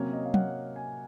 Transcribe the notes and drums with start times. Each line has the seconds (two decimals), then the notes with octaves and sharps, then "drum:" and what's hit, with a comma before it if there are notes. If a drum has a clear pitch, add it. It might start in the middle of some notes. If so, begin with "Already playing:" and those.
Already playing: C3 F#3 A#3 C#4 C#5
0.13 D#5
0.25 F5
0.34 F#5, drum: tom
0.76 G#5